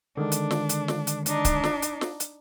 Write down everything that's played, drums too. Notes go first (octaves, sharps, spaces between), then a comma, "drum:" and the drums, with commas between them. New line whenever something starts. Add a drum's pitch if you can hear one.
D3 D#3 G#3 D4
drum: hi-hat
drum: snare
drum: hi-hat
drum: snare
drum: hi-hat
D4 D#4, drum: hi-hat
drum: kick C#1, hi-hat
drum: snare
drum: hi-hat
drum: snare
drum: hi-hat